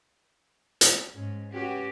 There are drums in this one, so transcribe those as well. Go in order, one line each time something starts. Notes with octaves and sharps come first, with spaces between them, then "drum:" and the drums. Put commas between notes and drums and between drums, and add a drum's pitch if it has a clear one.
drum: hi-hat
G#2 C#4
C#4 F#4 G4 B4